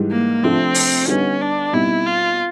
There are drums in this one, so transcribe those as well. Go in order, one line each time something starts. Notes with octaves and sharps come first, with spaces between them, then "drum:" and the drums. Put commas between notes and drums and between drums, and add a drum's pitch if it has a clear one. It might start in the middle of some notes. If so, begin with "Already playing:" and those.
Already playing: G#2 E3 G3
A#3
C3 F3 A3 C4 D4 F4
drum: open hi-hat
D3 G3 B3 C#4 D#4
D4
B2 G3 C4 D#4 E4
F4